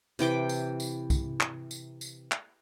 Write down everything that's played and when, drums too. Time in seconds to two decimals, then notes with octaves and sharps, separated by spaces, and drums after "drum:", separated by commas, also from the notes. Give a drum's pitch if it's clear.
0.19 C3 E3 G5 D6, drum: tambourine
0.49 drum: tambourine
0.80 drum: tambourine
1.10 drum: kick, tambourine
1.40 drum: clap
1.71 drum: tambourine
2.01 drum: tambourine
2.31 drum: clap